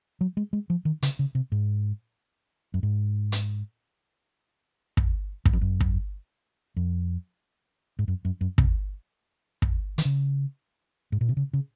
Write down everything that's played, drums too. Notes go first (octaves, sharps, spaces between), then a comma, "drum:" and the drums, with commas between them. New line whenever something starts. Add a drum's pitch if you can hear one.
F#3
G#3
G#3
F3
D#3
C#3, drum: hi-hat
C#3
C3
G#2
F#2
G#2
drum: hi-hat
drum: kick
F#2, drum: kick
F2
F#2
drum: kick
F2
G#2
F#2
F#2
F#2
C3, drum: kick
drum: kick
D#3, drum: hi-hat
C#3
G#2
A#2
C3
C#3
C#3